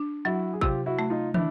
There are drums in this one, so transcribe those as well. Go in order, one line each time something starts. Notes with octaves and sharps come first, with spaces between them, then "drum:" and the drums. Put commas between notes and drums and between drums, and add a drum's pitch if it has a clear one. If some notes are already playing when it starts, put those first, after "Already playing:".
Already playing: D4
F#3 E4 F#4
G#4
C3 F4 G4, drum: kick
E4 F#4
A3
D#4 F4
D#3 D4 E4, drum: tom